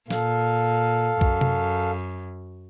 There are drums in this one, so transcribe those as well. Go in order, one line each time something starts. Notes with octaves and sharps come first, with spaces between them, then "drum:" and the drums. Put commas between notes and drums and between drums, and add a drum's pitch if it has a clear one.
A#2 A4 F5, drum: snare
F#2, drum: kick B1
drum: tom C3